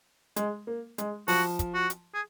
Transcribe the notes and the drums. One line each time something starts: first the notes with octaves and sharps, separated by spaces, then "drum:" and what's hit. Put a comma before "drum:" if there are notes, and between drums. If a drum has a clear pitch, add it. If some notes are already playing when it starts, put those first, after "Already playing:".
G#3, drum: hi-hat
A#3
G#3, drum: hi-hat
F3 F#4, drum: open hi-hat
drum: kick, hi-hat
F#4
drum: hi-hat
G#4